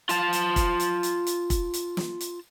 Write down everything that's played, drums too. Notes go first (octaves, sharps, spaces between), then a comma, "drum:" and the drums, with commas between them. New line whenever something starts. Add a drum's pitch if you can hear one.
F4 A5, drum: hi-hat
drum: hi-hat
drum: kick, hi-hat
drum: hi-hat
drum: hi-hat
drum: hi-hat
drum: kick, hi-hat
drum: hi-hat
drum: snare
drum: hi-hat